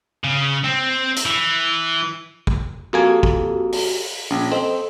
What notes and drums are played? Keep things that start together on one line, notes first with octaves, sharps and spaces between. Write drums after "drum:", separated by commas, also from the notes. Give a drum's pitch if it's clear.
C#3
C4
drum: hi-hat
E3
drum: kick
F2 A#3 F#4 G4 A4 G#5
drum: kick
drum: open hi-hat
A#1 C#4
C4 A4 C5 D#5